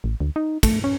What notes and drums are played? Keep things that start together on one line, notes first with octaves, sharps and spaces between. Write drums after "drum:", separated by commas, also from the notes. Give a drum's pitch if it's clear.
A1
D2
D#4
A3, drum: kick, cymbal
C#4